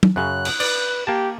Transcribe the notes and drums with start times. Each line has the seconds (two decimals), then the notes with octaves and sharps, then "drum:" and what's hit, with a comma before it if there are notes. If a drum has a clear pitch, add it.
0.03 drum: tom
0.16 F#2 C#3 F#6
0.45 drum: cymbal
0.60 B4 D5, drum: cymbal
1.07 A#3 G4 A5